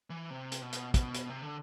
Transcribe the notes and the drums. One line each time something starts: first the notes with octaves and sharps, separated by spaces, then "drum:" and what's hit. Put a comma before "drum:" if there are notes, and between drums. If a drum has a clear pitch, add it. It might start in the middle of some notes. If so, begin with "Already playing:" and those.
E3
C3
drum: hi-hat
B2
drum: hi-hat
B2, drum: kick, hi-hat
drum: hi-hat
C3
D3